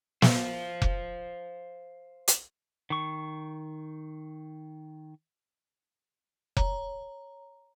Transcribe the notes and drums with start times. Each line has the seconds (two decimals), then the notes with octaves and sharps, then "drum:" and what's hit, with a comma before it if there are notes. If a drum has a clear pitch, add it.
0.22 C5 F5, drum: snare
0.82 drum: kick F1
2.28 drum: hi-hat
2.90 D#3 C#6
6.57 C#5 A#5, drum: kick F1